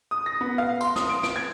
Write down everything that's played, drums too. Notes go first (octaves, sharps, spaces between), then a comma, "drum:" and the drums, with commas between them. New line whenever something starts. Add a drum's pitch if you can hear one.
D#6
A#6
B3
F5
C6, drum: tambourine
D#6, drum: snare
D7
D7, drum: snare
G#6